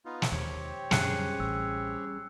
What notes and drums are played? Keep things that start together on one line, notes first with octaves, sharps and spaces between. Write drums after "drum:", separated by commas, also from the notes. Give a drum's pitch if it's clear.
B3 D#4 F4
drum: snare
D#2 C4 G4 C#5
F#2 D3 G3 C#4 G#4 F#6 C#7, drum: snare
A1 E6